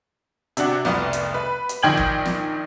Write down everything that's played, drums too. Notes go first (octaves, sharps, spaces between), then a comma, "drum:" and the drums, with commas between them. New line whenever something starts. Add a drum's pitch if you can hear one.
C3 D4 F#4, drum: hi-hat
F1 C2 B3, drum: snare
drum: hi-hat
B4
drum: hi-hat
A#1 D#3 G5 G#6 F#7
drum: kick
drum: snare